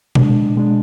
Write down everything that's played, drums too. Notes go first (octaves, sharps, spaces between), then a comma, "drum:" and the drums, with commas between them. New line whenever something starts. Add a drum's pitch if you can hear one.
B2 G#3 D4, drum: tom A#2
B2 G#3 D4